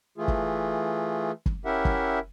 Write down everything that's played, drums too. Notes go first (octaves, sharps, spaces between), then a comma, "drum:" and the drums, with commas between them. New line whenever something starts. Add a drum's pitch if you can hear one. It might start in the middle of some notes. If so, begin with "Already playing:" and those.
E3 A3 F4 G#4
drum: kick
drum: kick
C#4 E4 G4 A#4 E5 F#5
drum: kick